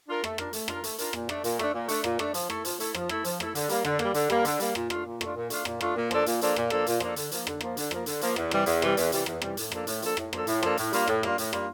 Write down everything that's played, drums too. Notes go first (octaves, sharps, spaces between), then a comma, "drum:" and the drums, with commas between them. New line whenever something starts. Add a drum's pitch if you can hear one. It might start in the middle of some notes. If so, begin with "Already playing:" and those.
D4 F4 A#4
A3, drum: rim click
D4 F4 A#4, drum: rim click
A3, drum: hi-hat
D4 F4 A#4, drum: rim click
A3, drum: hi-hat
D4 F4 A#4, drum: hi-hat
A#2, drum: rim click
A3 D4, drum: rim click
A#2, drum: hi-hat
A3 D4, drum: rim click
A#2
A3 D4, drum: hi-hat
A#2, drum: rim click
A3 D4, drum: rim click
F3, drum: hi-hat
A3 E4 A4, drum: rim click
F3, drum: hi-hat
A3 E4 A4, drum: hi-hat
F3, drum: rim click
A3 E4 A4, drum: rim click
F3, drum: hi-hat
A3 E4 A4, drum: rim click
D3, drum: hi-hat
G3 A#3, drum: hi-hat
D3, drum: rim click
A#3, drum: rim click
G3
D3, drum: hi-hat
G3 A#3, drum: rim click
D3, drum: hi-hat
G3 A#3, drum: hi-hat
A#2, drum: rim click
A3 D4 F4, drum: rim click
A#2
A3 D4 F4, drum: rim click
A#2
A3 D4 F4, drum: hi-hat
A#2, drum: rim click
A3 D4 F4, drum: rim click
A#2
F3 A#3 D4 A4, drum: rim click
A#2, drum: hi-hat
F3 A#3 D4 A4, drum: hi-hat
A#2, drum: rim click
F3 A#3 D4 A4, drum: rim click
A#2, drum: hi-hat
F3 A#3 D4 A4, drum: rim click
D3, drum: hi-hat
F3 A#3, drum: hi-hat
D3, drum: rim click
F3 A#3, drum: rim click
D3, drum: hi-hat
F3 A#3, drum: rim click
D3, drum: hi-hat
F3 A#3, drum: hi-hat
E2, drum: rim click
C3 E3 G3, drum: rim click
E2, drum: hi-hat
C3 E3 G3, drum: rim click
E2, drum: hi-hat
C3 E3 G3, drum: hi-hat
E2, drum: rim click
C3 E3 G3, drum: rim click
A2, drum: hi-hat
F3 A#3 D4 A4, drum: rim click
A2, drum: hi-hat
F3 A#3 D4 A4, drum: hi-hat
A2, drum: rim click
F3 A#3 D4 A4, drum: rim click
A2, drum: hi-hat
F3 A#3 D4 A4, drum: rim click
A2, drum: hi-hat
G3 A#3 D4 F4, drum: hi-hat
A2, drum: rim click
G3 A#3 D4 F4, drum: rim click
A2, drum: hi-hat
G3 A#3 D4 F4, drum: rim click